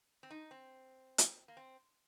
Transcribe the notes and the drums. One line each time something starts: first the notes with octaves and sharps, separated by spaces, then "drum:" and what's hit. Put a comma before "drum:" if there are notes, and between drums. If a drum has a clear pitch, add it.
C4
D#4
C4
drum: hi-hat
A#3
C4